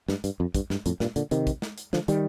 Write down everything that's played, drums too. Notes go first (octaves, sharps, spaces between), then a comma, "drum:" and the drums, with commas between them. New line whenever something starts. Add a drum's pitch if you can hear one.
G2, drum: snare
G2, drum: hi-hat
F2
G2, drum: kick, hi-hat
G2, drum: snare
F2 A2, drum: hi-hat
G2 A#2, drum: snare
A#2 D3, drum: hi-hat
C3 D#3, drum: hi-hat
drum: kick, hi-hat
drum: snare
drum: hi-hat
D3 F3, drum: snare
D#3 G3, drum: hi-hat